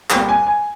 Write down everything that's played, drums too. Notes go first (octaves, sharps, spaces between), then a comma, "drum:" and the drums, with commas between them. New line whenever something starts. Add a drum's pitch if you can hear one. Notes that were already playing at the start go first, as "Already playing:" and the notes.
C2 A#2 G3 C4 G5, drum: clap
G#5
G#5